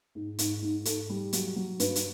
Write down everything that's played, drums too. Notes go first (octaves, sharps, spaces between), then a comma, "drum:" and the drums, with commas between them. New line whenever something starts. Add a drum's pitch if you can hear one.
G#2
G#2, drum: hi-hat
G#2
G#2 A4, drum: hi-hat
G3
F#3, drum: hi-hat
F#3
G2 B4, drum: hi-hat
drum: hi-hat